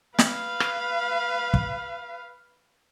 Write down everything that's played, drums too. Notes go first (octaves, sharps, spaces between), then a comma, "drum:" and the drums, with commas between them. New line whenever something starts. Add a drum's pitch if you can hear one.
B4 F5, drum: snare
drum: rim click
drum: kick